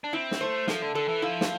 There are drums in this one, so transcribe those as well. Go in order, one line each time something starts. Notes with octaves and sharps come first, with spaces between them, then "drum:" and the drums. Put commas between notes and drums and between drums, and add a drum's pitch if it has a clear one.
D4
C4 E4
drum: snare
A3 C5
F3 A3, drum: snare
D3
D3 A4
E3
F3 E4
drum: snare